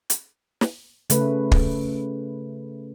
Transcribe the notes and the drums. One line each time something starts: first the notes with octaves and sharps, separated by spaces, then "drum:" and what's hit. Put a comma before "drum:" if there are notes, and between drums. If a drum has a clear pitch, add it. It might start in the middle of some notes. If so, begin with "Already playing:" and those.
drum: hi-hat
drum: snare
C#3 A3 B4, drum: hi-hat
drum: kick